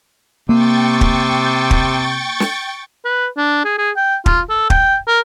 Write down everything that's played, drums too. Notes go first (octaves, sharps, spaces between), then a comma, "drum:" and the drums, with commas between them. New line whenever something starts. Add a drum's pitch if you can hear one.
C3 A#3 G5 C#6 A6
drum: kick
drum: kick
drum: snare
B4
D4
G#4
G#4
G5
F4, drum: kick
A4
G5, drum: kick
A#4